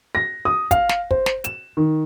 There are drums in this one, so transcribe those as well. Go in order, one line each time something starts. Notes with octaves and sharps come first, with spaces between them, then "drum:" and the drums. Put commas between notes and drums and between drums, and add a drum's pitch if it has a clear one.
A#6
D#6
F5, drum: kick, hi-hat
drum: snare
C5, drum: kick
drum: snare
E7, drum: hi-hat
D#3